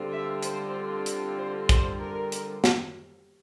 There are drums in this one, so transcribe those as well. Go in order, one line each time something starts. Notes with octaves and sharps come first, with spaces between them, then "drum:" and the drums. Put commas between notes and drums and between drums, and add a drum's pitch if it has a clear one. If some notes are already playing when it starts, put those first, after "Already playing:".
Already playing: D3 G3 C4 F4
E5
C5, drum: hi-hat
drum: hi-hat
C5
C5, drum: kick, hi-hat
A#4
drum: hi-hat
drum: snare